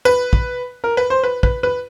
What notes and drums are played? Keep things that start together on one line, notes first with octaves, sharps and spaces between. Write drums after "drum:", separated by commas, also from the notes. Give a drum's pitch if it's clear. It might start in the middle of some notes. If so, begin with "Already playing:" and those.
B4
drum: kick
A#4
B4
C5
B4
B4, drum: kick
B4